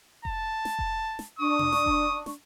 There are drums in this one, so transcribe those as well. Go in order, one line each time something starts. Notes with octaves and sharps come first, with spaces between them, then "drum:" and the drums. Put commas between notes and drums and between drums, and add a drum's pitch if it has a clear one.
A5, drum: kick F1
drum: snare
drum: kick F1
drum: snare
D4 C#6 D#6
drum: tom
drum: snare
drum: kick F1
drum: snare